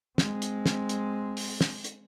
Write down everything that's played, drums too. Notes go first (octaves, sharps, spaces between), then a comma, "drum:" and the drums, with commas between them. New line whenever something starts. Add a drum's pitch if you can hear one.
G#3 C4, drum: snare
drum: hi-hat
drum: snare
drum: hi-hat
drum: open hi-hat
drum: snare
drum: hi-hat